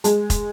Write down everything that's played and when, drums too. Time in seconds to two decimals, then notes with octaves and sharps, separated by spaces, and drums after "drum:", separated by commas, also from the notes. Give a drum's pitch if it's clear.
0.04 G#3, drum: hi-hat
0.30 drum: kick, hi-hat